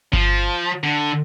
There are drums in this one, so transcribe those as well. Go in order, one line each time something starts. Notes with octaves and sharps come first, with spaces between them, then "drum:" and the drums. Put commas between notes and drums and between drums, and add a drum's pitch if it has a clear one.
F3, drum: kick G1
D3